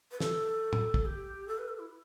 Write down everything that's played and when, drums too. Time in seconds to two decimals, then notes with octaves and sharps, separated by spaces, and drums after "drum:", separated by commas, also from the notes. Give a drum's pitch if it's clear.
0.11 B4
0.20 A4, drum: snare
0.73 drum: tom
0.94 drum: kick
1.05 G4
1.48 A4
1.58 B4
1.68 A4
1.79 E4